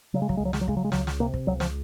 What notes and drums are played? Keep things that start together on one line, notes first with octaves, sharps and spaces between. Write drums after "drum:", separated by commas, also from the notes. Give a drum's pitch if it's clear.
C#3 F#3
G#3
F#3, drum: kick
G#3
C#2
F#3
G#3, drum: snare
F#3
C#3 G#3, drum: kick
F#3
G#3
C#2 F#3, drum: snare
drum: snare
C3 A#3
drum: kick
C#2 F#3
F3, drum: snare